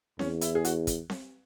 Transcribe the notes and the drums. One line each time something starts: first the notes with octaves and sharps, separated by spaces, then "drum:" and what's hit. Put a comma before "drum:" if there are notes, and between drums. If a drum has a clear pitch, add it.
E2 C#4, drum: snare C4
E4, drum: hi-hat
G#4
F#4, drum: hi-hat
drum: kick, hi-hat
drum: snare C4